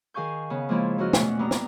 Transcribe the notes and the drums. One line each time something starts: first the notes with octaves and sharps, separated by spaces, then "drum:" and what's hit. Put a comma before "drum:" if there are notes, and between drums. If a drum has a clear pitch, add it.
D#3 G#4 F5 G#5 C#6 G6
C#3 B3
F3 G#3 A#3 E4 F4
F#2 F3 F#4 D#5 F6
E2 B2 A3 C#4 F#5, drum: snare
G2 B3 C4 A#5 D#6
drum: snare